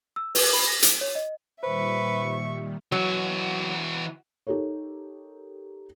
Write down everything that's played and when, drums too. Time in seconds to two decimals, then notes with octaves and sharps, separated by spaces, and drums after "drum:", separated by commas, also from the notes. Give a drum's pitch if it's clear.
0.16 E6
0.35 B4, drum: open hi-hat
0.53 B5
0.67 A#6
0.82 D7, drum: hi-hat
1.01 C#5
1.15 D#5
1.63 A#2 D#3 G3 B4 C5 E5 C#6
2.92 E3 F#3 F#4
4.47 D#4 G4 A4 A#4 C#5